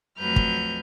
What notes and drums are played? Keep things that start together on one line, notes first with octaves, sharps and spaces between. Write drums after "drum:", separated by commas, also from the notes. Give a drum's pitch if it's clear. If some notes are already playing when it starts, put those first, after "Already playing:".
F2 F#3 A3 B4 F6 G6
drum: kick